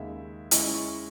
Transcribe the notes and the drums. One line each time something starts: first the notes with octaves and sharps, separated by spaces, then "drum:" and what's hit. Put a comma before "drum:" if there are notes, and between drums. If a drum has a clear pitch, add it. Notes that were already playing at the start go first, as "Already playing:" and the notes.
Already playing: D#2 C#3 G#3 E5
C#3 G#3 C#4 E4 D#5, drum: hi-hat
C#6